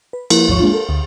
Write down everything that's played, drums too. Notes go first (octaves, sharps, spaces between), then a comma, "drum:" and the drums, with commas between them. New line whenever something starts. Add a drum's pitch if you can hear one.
B4
F3 A#3 E4 A#4 B4, drum: cymbal
A1 D#2 G#2 F3 C#5 C#6
G#3 A#3 D4 F4
A4 A#4
D2